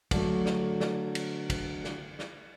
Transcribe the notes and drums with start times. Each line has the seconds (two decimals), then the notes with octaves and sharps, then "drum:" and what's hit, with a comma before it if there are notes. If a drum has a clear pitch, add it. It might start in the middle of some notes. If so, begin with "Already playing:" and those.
0.11 D3 F#3 A3, drum: kick, cymbal
0.46 drum: snare
0.80 drum: snare
1.15 drum: cymbal
1.50 drum: kick, cymbal
1.84 drum: snare
2.19 drum: snare